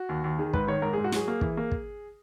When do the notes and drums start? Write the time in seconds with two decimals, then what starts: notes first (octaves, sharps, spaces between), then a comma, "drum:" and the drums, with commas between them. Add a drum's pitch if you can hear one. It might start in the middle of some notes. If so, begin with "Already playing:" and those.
Already playing: F#4
0.09 D#2
0.24 D#2
0.39 D#3 G#4
0.53 G#2 B4, drum: kick
0.67 D#3 C#5
0.82 G#2 A#4
0.93 G#2 G#4
1.04 F#4
1.12 F#3 G#4, drum: snare
1.28 A#3
1.41 E3, drum: kick
1.57 A#3
1.72 drum: kick